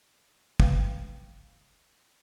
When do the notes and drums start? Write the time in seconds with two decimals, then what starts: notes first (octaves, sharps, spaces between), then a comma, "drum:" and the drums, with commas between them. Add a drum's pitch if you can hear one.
0.60 B4 F5 G5, drum: kick